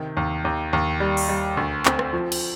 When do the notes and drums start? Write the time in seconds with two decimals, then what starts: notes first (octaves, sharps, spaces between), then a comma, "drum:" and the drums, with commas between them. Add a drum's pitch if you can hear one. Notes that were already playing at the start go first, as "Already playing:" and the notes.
Already playing: C3 D#3
0.17 D#2
0.45 D#2
0.73 D#2
1.00 G3
1.17 drum: open hi-hat
1.29 G3
1.57 D2
1.85 C4, drum: clap
1.99 drum: rim click
2.13 F3
2.32 drum: cymbal